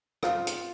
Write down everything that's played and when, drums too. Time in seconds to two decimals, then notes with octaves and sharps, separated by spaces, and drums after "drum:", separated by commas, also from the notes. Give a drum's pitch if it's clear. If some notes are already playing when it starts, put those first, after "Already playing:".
0.23 F4, drum: rim click
0.47 drum: hi-hat